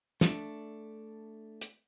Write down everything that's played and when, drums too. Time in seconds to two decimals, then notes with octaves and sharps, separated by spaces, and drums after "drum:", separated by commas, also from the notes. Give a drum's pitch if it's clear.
0.21 A3 D4, drum: snare
1.61 drum: hi-hat